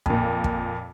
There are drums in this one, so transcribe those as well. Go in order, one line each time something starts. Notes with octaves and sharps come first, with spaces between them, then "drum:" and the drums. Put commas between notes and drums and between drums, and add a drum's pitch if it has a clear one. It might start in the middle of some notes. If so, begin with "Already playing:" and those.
F2 A#2, drum: kick
drum: kick